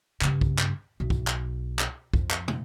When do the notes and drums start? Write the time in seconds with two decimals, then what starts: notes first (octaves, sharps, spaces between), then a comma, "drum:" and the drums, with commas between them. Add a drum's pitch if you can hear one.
0.21 G2 C#3, drum: clap
0.41 drum: kick B1
0.59 drum: clap
1.00 B1
1.10 drum: kick B1
1.27 drum: clap
1.79 drum: clap
2.14 F2, drum: kick B1
2.31 drum: clap
2.48 drum: tom